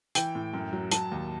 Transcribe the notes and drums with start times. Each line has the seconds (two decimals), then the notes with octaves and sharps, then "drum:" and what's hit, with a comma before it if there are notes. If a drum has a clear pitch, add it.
0.15 E3 G5, drum: hi-hat
0.35 A2
0.54 F#2
0.73 F#3
0.91 F#3 A5, drum: hi-hat
1.11 D#2